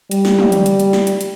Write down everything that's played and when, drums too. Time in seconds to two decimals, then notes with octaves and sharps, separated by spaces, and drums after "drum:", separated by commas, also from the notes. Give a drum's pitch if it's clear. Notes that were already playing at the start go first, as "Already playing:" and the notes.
0.11 G3, drum: hi-hat
0.25 drum: snare
0.38 drum: tom
0.52 drum: hi-hat
0.66 drum: hi-hat
0.80 drum: hi-hat
0.93 drum: snare
1.07 drum: hi-hat
1.21 drum: hi-hat